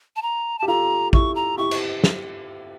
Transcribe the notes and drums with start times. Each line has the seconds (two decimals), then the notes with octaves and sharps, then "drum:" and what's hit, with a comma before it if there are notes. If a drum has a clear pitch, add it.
0.16 A5
0.22 A#5
0.59 G4 A5
0.67 F4 A4 A#5
1.13 E4 G4 C#6, drum: kick A1
1.35 A#5
1.58 E4 G4 C#6
1.71 drum: cymbal
2.04 drum: snare